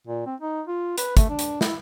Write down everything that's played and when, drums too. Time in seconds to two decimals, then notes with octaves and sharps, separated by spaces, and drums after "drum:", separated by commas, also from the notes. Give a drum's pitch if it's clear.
0.07 A#2
0.26 C4
0.40 D#4
0.67 F4
0.98 B4, drum: hi-hat
1.17 A3, drum: kick, hi-hat
1.29 D4
1.39 drum: hi-hat
1.61 E4, drum: snare